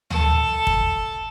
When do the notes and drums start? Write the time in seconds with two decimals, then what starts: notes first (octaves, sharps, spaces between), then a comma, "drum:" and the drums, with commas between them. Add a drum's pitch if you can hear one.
0.10 A4, drum: tom
0.67 drum: kick